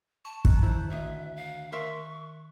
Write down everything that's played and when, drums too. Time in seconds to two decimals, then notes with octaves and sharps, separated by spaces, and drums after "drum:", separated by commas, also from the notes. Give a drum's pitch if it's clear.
0.25 A5 C#6
0.45 D#3 F#6, drum: kick
0.62 C#3 E4 C5
0.90 D2 D#5 E5
1.36 F5
1.72 A#4 E5 C6 C#6